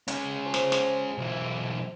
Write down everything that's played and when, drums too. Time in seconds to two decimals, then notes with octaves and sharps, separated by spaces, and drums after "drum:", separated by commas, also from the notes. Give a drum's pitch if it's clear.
0.08 G#3 C#4 A#5, drum: hi-hat
0.44 F3 C5
0.54 drum: snare
0.72 drum: snare
1.18 B1 E3